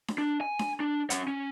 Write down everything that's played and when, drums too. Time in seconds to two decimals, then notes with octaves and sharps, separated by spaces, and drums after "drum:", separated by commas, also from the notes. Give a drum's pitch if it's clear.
0.08 drum: snare D4
0.18 D4
0.41 G#5
0.59 drum: snare D4
0.80 D4
1.10 C#4 F#5, drum: hi-hat
1.28 C#4